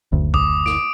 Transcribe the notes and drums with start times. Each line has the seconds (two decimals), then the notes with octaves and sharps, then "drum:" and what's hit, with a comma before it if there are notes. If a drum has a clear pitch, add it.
0.12 F#1 D2
0.34 D6 D#6, drum: kick B1
0.66 D#6 D7, drum: snare